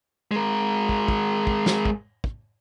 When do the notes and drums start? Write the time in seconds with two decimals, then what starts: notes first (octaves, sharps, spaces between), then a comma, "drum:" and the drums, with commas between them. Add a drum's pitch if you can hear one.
0.31 G#3 A#4
0.89 drum: kick
1.08 drum: kick
1.47 drum: kick
1.66 drum: snare
1.85 drum: kick
2.24 drum: kick